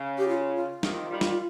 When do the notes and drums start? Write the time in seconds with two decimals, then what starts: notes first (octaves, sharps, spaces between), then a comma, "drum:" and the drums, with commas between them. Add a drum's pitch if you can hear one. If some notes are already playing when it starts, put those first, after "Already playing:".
Already playing: C#3
0.18 G4
0.29 F4
0.56 F4
0.83 C3 D#3, drum: snare
1.10 D#3 G3
1.21 drum: snare